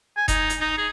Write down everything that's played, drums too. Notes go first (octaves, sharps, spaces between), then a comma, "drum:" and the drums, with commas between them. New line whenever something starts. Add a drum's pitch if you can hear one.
G#5
D#4, drum: kick E1, hi-hat
drum: hi-hat
D#4
G#4